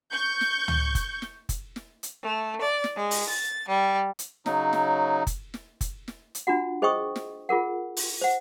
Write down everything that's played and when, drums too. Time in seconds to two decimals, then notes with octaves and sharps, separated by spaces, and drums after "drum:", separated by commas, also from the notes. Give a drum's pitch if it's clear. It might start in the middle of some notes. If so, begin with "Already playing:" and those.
0.11 C#6 G6
0.41 drum: snare
0.68 drum: tom C#2
0.95 drum: kick F#1, hi-hat
1.22 drum: snare
1.49 drum: kick F#1, hi-hat
1.76 drum: snare
2.03 drum: hi-hat
2.22 A3
2.61 D5
2.84 drum: snare
2.97 G#3
3.11 drum: open hi-hat
3.29 A6
3.69 G3
4.19 drum: hi-hat
4.46 C#3 F#3 D#4, drum: snare
4.73 drum: snare
5.27 drum: kick F#1, hi-hat
5.54 drum: snare
5.81 drum: kick F#1, hi-hat
6.08 drum: snare
6.35 drum: hi-hat
6.47 D4 F4 F#4 F#5
6.82 G#4 C5 D#5 G5 C#6 D#6
7.16 drum: snare
7.49 F4 G#4 A#4 F#5
7.97 drum: open hi-hat
8.21 C5 F#5